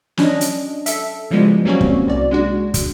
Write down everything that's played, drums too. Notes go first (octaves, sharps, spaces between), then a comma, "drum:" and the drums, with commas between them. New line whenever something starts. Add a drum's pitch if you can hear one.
F#3 C#4 D4 D#5, drum: snare
drum: hi-hat
A4 E5, drum: hi-hat
C#3 E3 F3 G3 G#3 B3
F#3 G3 A#3 C4 C#4 F#4
drum: kick
C2 F#4 D5
G#3 D4 F#4
drum: kick, hi-hat